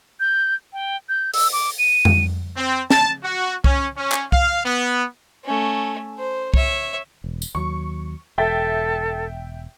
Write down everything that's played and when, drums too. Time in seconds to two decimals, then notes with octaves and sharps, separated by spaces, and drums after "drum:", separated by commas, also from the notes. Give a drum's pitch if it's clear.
0.20 G6
0.73 G5
1.09 G6
1.34 E6, drum: open hi-hat
1.53 D6
1.78 D#7
2.05 drum: tom F2
2.56 C4
2.90 A5, drum: snare
3.24 F#4
3.64 C#4, drum: kick C2
3.97 C#4
4.12 drum: clap
4.32 F5, drum: kick C2
4.65 B3
5.44 A3 C#4
6.18 C5
6.54 C#5 E5, drum: kick C2
7.24 E1
7.42 drum: tambourine
7.55 D#2 F#3 C#6
8.38 E1 A4 E5 G5 A6